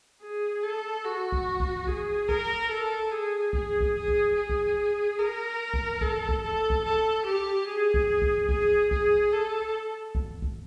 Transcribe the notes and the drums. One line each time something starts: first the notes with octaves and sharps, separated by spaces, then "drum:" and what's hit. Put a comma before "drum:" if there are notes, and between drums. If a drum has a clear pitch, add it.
G#4
A4
F#4
drum: kick
drum: kick
G#4, drum: kick
A#4, drum: kick
A4
G#4
G#4, drum: kick
drum: kick
G#4
drum: kick
G#4
drum: kick
A#4
drum: kick
A4, drum: kick
drum: kick
A4
drum: kick
A4
G4
G#4
drum: kick
drum: kick
G#4, drum: kick
G#4, drum: kick
A4
drum: kick
drum: kick